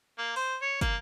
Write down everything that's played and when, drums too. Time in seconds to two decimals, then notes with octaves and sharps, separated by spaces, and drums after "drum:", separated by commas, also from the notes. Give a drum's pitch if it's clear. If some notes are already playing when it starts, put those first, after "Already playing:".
0.18 A#3
0.36 C5, drum: open hi-hat
0.62 C#5
0.81 A#3, drum: kick, hi-hat